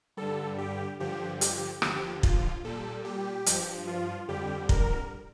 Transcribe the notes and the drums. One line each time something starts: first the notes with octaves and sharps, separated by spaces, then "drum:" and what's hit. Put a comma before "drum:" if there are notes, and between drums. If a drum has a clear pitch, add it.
G2 D3 G3 A4
G4
G2 D3 F3 G4
G4, drum: hi-hat
D#2 D3 F3 G4, drum: rim click
F4, drum: kick
A#2 G3 A4
G4
G2 F3, drum: hi-hat
F4
F2 D3 G3 G4
A#4, drum: kick